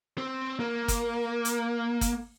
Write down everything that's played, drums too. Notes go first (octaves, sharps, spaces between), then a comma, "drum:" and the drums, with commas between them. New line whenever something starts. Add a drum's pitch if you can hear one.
C4
A#3
drum: kick G1, hi-hat
drum: hi-hat
drum: kick G1, hi-hat